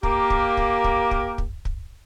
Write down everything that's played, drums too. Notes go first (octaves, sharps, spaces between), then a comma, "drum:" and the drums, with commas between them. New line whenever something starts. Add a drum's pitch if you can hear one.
A#3 G4, drum: kick
drum: kick
drum: kick
drum: kick
drum: kick
drum: kick
drum: kick